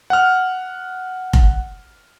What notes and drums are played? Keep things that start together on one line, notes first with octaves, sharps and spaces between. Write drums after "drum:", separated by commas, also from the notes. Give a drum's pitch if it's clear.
F#5 F6
drum: kick F1